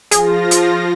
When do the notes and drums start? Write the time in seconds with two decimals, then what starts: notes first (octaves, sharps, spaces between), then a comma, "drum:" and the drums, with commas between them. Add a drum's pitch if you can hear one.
0.11 F3 F4 G#4 A#6, drum: hi-hat
0.51 drum: hi-hat